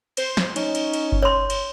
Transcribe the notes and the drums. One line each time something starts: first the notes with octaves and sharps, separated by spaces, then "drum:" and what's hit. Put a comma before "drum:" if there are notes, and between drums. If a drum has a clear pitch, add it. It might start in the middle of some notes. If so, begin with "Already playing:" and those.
C5, drum: cymbal
drum: snare
C#4 D#4, drum: cymbal
drum: cymbal
drum: cymbal
drum: kick G1
C#5 C6
drum: cymbal